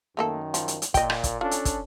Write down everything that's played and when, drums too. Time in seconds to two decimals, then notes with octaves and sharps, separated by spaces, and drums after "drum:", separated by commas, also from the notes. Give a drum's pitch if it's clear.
0.17 F#2 D#3 A3 A#3 A4
0.54 F3, drum: hi-hat
0.68 drum: hi-hat
0.82 drum: hi-hat
0.94 A#2 D#5 G5, drum: kick, hi-hat
1.10 drum: rim click
1.24 drum: kick, hi-hat
1.41 C#4 D4 F4 A4
1.51 drum: hi-hat
1.65 drum: kick, hi-hat